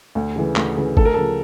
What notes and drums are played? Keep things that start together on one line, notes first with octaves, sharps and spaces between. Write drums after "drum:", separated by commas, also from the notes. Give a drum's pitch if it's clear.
D2
C#3 E3
D2, drum: clap
C#3 E3
D2 A4, drum: kick G#1
A#4
C#3 F3 A4